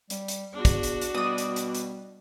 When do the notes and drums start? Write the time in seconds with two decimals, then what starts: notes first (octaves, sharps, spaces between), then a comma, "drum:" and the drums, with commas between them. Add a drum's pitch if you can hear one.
0.10 G3, drum: hi-hat
0.28 drum: hi-hat
0.54 E2 D4 F#4
0.65 drum: kick, hi-hat
0.83 drum: hi-hat
1.01 drum: hi-hat
1.14 B2 G3 D5 D#6
1.38 drum: hi-hat
1.56 drum: hi-hat
1.75 drum: hi-hat